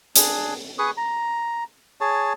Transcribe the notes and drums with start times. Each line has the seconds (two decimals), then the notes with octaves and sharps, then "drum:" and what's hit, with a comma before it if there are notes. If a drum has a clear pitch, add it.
0.16 D4 G#4, drum: hi-hat
0.79 G#4 B4 C#6 D#6
0.97 A#5
2.01 G#4 C#5 A5